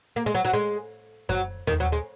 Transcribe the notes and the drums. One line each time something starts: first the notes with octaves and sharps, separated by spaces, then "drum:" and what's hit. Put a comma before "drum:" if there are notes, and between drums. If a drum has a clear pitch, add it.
A#3
G#3
F#3
F#3
G#3
F#3, drum: kick F#2
D#3, drum: tom D#2
F#3
G#3